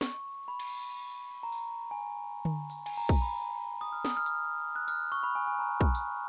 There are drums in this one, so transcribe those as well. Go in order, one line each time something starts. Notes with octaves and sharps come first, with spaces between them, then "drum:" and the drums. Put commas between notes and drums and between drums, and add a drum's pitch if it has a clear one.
C#6, drum: snare
B5
drum: cymbal
A#5
drum: open hi-hat
G#5
drum: tom D3
drum: open hi-hat
G#5, drum: cymbal
A#5
A#5, drum: kick
B5
D#6
F6
D#6, drum: snare
F6
drum: hi-hat
F#6
F6, drum: hi-hat
C#6
B5
G#5
G#5
A#5
drum: kick
drum: tambourine